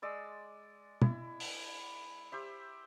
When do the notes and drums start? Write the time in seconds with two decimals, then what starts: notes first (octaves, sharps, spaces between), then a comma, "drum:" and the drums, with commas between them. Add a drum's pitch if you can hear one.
0.02 G#3 D5 E6
1.02 E4, drum: tom
1.40 drum: open hi-hat
2.32 G4 C5 E5